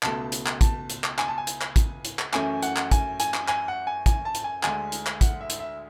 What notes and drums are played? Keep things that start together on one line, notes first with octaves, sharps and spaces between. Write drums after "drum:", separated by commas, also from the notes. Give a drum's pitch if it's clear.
C#2 B2 A3 A5, drum: clap
drum: hi-hat
drum: clap
A5, drum: kick, hi-hat
drum: hi-hat
drum: clap
G#5, drum: clap
A5
G#5
drum: hi-hat
drum: clap
drum: kick, hi-hat
drum: hi-hat
drum: clap
F#2 E3 A3 C#4 G#5, drum: clap
F#5, drum: hi-hat
drum: clap
G#5, drum: kick, hi-hat
G#5, drum: hi-hat
drum: clap
G#5, drum: clap
F#5
G#5
G#5, drum: kick, hi-hat
A5
drum: hi-hat
G#5
D2 D3 G#3 G#5, drum: clap
drum: hi-hat
drum: clap
F#5, drum: kick, hi-hat
E5
drum: hi-hat
E5